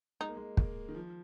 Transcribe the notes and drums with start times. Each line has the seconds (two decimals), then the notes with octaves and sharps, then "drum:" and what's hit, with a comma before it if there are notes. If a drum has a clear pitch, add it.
0.20 G#3 D#4
0.28 A#3
0.37 G#3
0.57 A#3, drum: kick
0.89 D#3
0.95 F3